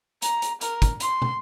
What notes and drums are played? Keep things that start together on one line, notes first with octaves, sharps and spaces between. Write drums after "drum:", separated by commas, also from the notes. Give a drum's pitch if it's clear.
A#5, drum: hi-hat
drum: hi-hat
A#4, drum: hi-hat
drum: kick, hi-hat
C6, drum: hi-hat
drum: tom